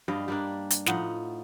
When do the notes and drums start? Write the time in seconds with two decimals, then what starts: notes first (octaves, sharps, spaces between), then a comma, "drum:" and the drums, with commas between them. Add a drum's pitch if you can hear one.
0.08 G2 G3 D#5 F5
0.28 G3 A#3 D4
0.70 drum: hi-hat
0.86 A2 F3 D#4 F#5, drum: snare